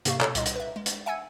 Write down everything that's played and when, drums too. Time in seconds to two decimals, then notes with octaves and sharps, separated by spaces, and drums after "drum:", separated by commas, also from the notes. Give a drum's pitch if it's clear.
0.05 G#2 C3 A#3 G4 F5 C#6, drum: hi-hat
0.21 B2 A4 C#5, drum: clap
0.35 C2 A#2 D#5 C6, drum: hi-hat
0.46 drum: hi-hat
0.56 B4 E5
0.76 G#3
0.86 drum: hi-hat
1.06 E5 F#5 G#5 E6 G#6 C#7